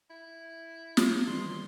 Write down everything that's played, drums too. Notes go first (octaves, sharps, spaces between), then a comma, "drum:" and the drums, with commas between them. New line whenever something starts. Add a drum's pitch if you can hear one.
E4
drum: snare
D#3 E3 G3 C6